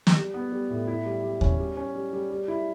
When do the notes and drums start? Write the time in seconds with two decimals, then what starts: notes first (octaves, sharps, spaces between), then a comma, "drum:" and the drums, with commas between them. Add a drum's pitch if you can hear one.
0.07 drum: snare
0.16 G3
0.34 B3
0.52 G3
0.70 A2
0.88 E4
1.06 G3
1.24 G3
1.41 C#4, drum: kick D#2
1.60 G3
1.77 C#4
1.95 G3
2.13 G3
2.30 G3
2.48 E4